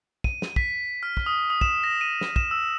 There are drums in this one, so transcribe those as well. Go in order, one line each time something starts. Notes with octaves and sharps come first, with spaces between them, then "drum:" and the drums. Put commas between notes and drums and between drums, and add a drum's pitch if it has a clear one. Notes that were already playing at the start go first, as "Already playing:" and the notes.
D#7, drum: kick
drum: snare
B6, drum: kick
F6
drum: kick
D#6
D#6
E7, drum: kick
A#6
D#7
drum: snare
E7, drum: kick
E6